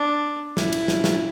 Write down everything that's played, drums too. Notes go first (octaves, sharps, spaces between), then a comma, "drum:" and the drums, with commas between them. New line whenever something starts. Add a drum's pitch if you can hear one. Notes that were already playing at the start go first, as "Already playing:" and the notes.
Already playing: D4
E4, drum: snare
drum: cymbal
drum: snare
drum: snare